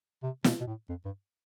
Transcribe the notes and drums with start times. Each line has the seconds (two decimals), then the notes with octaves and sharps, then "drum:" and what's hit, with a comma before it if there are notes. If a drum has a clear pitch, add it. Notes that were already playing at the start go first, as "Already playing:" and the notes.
0.23 C3
0.44 B2, drum: snare
0.60 B2
0.67 A2
0.89 F2
1.05 G2